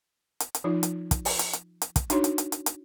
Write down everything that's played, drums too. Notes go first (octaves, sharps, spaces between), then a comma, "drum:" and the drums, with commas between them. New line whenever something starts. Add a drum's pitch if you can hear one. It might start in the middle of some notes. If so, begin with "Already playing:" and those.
drum: hi-hat
drum: hi-hat
F3 D#4 F4
drum: hi-hat
drum: kick, hi-hat
drum: open hi-hat
drum: hi-hat
drum: hi-hat
drum: hi-hat
drum: kick, hi-hat
D4 D#4 F#4 C#5 C6, drum: hi-hat
drum: hi-hat
drum: hi-hat
drum: hi-hat
drum: hi-hat